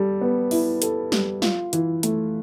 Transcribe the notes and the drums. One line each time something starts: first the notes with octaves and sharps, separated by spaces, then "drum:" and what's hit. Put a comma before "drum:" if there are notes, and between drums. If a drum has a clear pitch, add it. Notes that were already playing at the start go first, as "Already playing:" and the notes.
Already playing: G3 A4
B3
E4, drum: open hi-hat
A4, drum: hi-hat
G3, drum: snare
F4, drum: snare
E3, drum: hi-hat
A3, drum: hi-hat